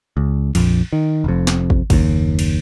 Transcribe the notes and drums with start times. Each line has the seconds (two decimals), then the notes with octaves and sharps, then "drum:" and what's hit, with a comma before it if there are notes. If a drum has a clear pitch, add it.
0.17 C#2
0.55 A#1 F2, drum: cymbal
0.93 D#3
1.24 F1 F2
1.47 drum: snare
1.70 drum: kick
1.90 F#1 D#2, drum: kick, cymbal
2.39 drum: cymbal